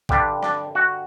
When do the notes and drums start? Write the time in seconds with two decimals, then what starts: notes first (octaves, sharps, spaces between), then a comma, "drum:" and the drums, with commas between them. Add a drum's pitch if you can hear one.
0.09 G2 D3 G3 D4 G4, drum: kick A1
0.43 D4 D5, drum: rim click
0.75 F#4 F#5